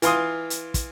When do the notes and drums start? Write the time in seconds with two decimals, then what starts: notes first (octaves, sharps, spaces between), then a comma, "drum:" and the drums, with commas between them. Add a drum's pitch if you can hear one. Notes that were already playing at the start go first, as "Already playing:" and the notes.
0.02 E3 F4 C6 D#6, drum: hi-hat
0.50 drum: hi-hat
0.74 drum: kick, hi-hat